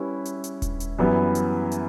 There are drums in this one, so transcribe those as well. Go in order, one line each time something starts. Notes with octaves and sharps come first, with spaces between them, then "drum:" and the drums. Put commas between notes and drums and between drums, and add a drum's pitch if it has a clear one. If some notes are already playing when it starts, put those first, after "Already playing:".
Already playing: G3 C#4 E4 B4
drum: hi-hat
drum: hi-hat
drum: kick D#1, hi-hat
drum: hi-hat
F#2 E3 G3 B3 E4
drum: hi-hat
drum: hi-hat